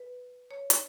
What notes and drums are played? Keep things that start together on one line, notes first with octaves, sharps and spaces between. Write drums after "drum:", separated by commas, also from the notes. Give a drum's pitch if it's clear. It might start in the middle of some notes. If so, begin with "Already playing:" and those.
Already playing: B4
C#5
drum: hi-hat